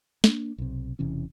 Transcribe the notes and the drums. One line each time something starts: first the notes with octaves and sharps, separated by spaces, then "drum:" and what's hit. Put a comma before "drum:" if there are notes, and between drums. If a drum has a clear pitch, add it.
A#3 D4, drum: snare
B1 C3
E1 C3 E3 C#4